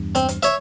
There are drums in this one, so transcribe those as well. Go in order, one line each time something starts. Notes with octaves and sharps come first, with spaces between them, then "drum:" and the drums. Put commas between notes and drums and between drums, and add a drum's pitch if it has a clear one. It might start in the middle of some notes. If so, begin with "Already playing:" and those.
Already playing: E2 G2
C4, drum: hi-hat
drum: hi-hat
C#5 E5, drum: hi-hat